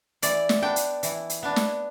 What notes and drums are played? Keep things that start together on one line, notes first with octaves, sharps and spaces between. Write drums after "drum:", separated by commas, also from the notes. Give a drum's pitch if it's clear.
E3 D5, drum: hi-hat
drum: snare
B3 D4 G5
drum: hi-hat
E3, drum: hi-hat
drum: hi-hat
B3 D4
drum: snare